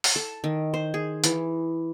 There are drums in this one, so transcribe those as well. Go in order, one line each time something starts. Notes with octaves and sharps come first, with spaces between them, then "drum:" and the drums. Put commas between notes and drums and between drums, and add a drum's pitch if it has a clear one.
drum: open hi-hat
A4
D#3
C5
G#4
E3, drum: hi-hat